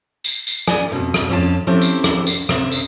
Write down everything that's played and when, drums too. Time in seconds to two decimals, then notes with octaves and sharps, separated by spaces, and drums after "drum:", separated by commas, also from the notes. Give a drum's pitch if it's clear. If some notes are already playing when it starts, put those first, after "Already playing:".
0.24 drum: tambourine
0.47 drum: tambourine
0.68 G#4 D5 G#5, drum: rim click
0.92 F2 B2
1.14 drum: rim click
1.30 F2 C#4 F4 A5
1.67 F3 C4 C#4 E4 G4 A4
1.82 drum: tambourine
2.04 drum: rim click
2.27 drum: tambourine
2.49 C3 E5, drum: rim click
2.72 drum: tambourine